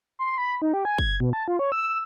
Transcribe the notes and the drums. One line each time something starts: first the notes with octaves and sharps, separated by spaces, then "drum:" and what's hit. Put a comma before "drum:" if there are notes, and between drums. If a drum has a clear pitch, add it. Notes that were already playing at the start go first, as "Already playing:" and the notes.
C6
B5
D#4
G4
G#5
G#6, drum: kick
B2
A5
F4
C#5
E6